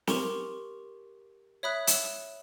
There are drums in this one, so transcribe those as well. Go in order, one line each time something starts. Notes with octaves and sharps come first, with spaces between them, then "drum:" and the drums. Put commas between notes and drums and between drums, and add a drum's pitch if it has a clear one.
G4 A#4 C6 C#6 F7, drum: snare
C#5 E5 B5 D#6 F#6
E6 E7, drum: hi-hat